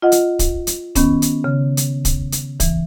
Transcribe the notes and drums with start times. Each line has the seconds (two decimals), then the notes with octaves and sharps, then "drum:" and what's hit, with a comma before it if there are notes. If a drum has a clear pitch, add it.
0.02 F4 D#5 F#5
0.12 drum: hi-hat
0.39 drum: kick, hi-hat
0.67 drum: hi-hat
0.95 D#3 B3 C#4, drum: kick, hi-hat
1.22 drum: hi-hat
1.44 C#3
1.77 drum: hi-hat
2.05 drum: kick, hi-hat
2.32 drum: hi-hat
2.60 E3, drum: kick, hi-hat